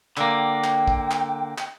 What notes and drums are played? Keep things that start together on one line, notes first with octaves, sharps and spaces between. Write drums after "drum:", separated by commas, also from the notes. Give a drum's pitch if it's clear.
D3 A#3 G5, drum: clap
drum: clap
drum: kick
drum: clap
drum: clap